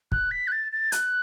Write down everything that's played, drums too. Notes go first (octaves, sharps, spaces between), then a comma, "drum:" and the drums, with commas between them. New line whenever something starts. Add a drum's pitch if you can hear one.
F#6, drum: kick
B6
F#6
A6
A6
F#6, drum: hi-hat